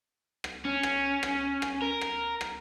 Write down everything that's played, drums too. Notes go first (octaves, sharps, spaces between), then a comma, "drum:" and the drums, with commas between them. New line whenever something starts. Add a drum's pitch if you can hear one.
drum: rim click
C#4
drum: rim click
drum: rim click
drum: rim click
A#4
drum: rim click
drum: rim click